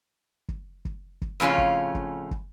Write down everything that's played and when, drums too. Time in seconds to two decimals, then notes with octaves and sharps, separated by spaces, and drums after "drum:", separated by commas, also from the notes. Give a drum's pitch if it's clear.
0.49 drum: kick
0.85 drum: kick
1.22 drum: kick
1.40 F2 A2 C#3 C#4 F4
1.58 drum: kick
1.95 drum: kick
2.31 drum: kick